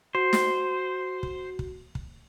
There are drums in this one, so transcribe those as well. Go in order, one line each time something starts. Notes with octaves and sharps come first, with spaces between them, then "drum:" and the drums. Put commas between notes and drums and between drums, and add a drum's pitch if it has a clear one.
F#4 C5
drum: snare
drum: kick
drum: kick
drum: kick